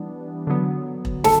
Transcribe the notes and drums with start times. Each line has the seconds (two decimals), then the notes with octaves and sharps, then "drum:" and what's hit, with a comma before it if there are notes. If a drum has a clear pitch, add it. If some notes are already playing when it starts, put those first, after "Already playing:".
Already playing: E3 G3 B3 D4
0.47 D3 F#3 B3
1.05 drum: kick E1
1.24 A4 A5, drum: snare